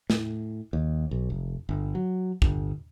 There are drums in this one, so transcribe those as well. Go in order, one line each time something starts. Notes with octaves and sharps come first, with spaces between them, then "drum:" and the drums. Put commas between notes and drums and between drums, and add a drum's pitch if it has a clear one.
A2, drum: snare
D#2
B1
F1
G1
F#3
G1, drum: kick